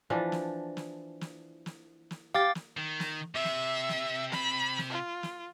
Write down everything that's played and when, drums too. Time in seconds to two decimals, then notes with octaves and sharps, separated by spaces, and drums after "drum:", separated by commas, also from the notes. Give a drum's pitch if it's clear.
0.10 E3 F3 D4
0.32 drum: snare
0.77 drum: snare
1.21 drum: snare
1.66 drum: snare
2.11 drum: snare
2.34 G4 F5 D6 A6
2.55 drum: snare
2.78 D#3
3.00 drum: snare
3.35 C3 E5
3.44 drum: snare
3.89 drum: snare
4.32 B5, drum: snare
4.78 drum: snare
4.90 F4
5.23 drum: snare